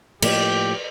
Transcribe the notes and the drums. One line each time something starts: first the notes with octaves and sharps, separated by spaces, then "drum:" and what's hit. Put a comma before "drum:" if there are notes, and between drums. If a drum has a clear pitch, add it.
A2 F3 A#3 G4, drum: cymbal